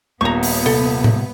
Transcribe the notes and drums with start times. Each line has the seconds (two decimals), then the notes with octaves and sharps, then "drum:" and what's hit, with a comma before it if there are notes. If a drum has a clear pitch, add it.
0.21 D#1 B3 A#5 C#6
0.43 drum: open hi-hat
0.66 C3 A4
1.04 drum: tom A2